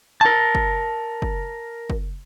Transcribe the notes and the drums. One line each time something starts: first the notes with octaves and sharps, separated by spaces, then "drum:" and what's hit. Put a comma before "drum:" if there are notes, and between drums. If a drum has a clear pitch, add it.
A#4 A5
drum: kick
drum: kick
drum: kick